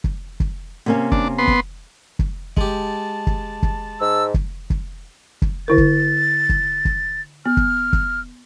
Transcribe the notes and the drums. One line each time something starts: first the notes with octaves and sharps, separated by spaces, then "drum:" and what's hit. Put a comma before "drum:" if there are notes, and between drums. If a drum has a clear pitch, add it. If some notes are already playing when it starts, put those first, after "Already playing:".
drum: kick
drum: kick
C3 A#3 C#4
D4, drum: kick
B3 C6
drum: kick
drum: kick
G#3 G4 A5, drum: kick
drum: kick
drum: kick
G#2 E6
drum: kick
drum: kick
drum: kick
D3 E4 A#4 A6
drum: kick
drum: kick
drum: kick
B3 F6
drum: kick
drum: kick